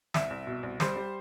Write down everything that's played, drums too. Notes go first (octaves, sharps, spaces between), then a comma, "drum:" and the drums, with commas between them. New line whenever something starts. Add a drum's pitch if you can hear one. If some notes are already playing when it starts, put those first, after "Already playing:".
C2 E5, drum: snare
C2
B2
C2
G3 C5, drum: snare
G3